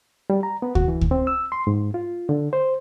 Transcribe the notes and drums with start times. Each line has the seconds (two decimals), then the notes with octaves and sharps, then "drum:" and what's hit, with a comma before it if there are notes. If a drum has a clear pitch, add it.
0.30 G3
0.43 A#5
0.62 B3
0.75 F#4, drum: kick D2
0.88 E3
1.01 drum: kick D2
1.11 C4
1.27 E6
1.52 C6
1.67 G#2
1.94 F4
2.29 D3
2.53 C5